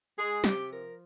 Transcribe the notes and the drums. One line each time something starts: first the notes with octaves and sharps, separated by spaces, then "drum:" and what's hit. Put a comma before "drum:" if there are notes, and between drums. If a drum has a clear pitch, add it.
G#3 G#4
C3 G4, drum: snare
F3 A#4